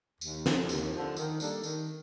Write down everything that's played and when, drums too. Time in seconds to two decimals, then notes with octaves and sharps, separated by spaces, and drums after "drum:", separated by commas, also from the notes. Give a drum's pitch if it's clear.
0.21 D#2, drum: tambourine
0.46 D3 F3, drum: snare
0.69 D#2, drum: tambourine
0.93 D3 F3
1.17 D#3, drum: tambourine
1.40 G3 A#3 D4 A4, drum: tambourine
1.63 D#3, drum: tambourine